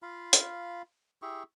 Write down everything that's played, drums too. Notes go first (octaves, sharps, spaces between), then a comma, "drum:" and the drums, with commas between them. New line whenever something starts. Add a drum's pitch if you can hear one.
F4 F5 B5
drum: hi-hat
E4 G4 G#4 C#6